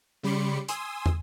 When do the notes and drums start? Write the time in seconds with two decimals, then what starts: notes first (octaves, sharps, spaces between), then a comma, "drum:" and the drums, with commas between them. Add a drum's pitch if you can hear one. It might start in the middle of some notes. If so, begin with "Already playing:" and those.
0.23 C#3 G3 B5 C6 D6 C#7
0.68 G#5 C6 D#6 E6, drum: hi-hat
1.06 drum: tom